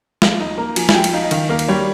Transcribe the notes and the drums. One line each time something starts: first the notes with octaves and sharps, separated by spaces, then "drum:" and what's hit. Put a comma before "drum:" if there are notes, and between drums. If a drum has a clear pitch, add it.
F3 F5, drum: snare
D#4 D#5
A#3 A#5
F3 G#5, drum: cymbal
G#5, drum: snare
F3 G5
drum: cymbal
D#4 F5
D#5
D#3 F5, drum: cymbal
A#3 F5
drum: cymbal
G3 C#5